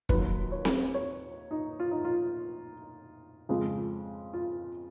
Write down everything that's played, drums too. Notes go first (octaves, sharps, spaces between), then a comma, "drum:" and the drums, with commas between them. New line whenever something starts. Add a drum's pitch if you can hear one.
D#2 D#3 F#3 B4, drum: kick
C#5
drum: snare C4
C#5
D#4
F4
D#4
F4
F2 C#3 F3 G#3
F4